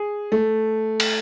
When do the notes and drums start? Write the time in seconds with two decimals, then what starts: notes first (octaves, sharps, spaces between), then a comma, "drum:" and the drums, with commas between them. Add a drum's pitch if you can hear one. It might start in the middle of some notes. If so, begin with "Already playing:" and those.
Already playing: G#4
0.32 A3
1.00 drum: cymbal